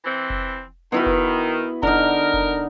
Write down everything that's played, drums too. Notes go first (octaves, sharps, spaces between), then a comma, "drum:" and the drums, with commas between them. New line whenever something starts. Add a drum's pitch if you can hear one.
E3 C4
drum: kick F1
D#3 B3 E4 F#4
drum: kick F1
D3 D#4 A#4, drum: kick F1
drum: kick F1